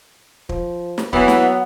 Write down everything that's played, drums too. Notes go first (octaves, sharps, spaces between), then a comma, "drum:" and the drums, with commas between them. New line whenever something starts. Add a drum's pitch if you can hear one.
F3, drum: kick
drum: snare
E3 F#3 B3 F#5, drum: kick
drum: snare